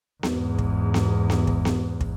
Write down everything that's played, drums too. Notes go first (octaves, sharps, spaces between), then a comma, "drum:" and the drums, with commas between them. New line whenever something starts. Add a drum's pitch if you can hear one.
E2 G#2, drum: snare B3
drum: kick
drum: snare B3
drum: snare B3
drum: kick
drum: snare B3
drum: kick